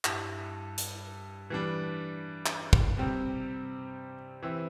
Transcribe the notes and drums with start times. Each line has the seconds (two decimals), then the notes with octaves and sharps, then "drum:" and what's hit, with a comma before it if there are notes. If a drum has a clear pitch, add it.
0.05 G2 G3 E4, drum: clap
0.78 drum: hi-hat
1.50 E3 G3 D4
2.46 drum: clap
2.73 drum: kick
2.97 C3 G3 C4 G4
4.43 E3 C4 E4 G4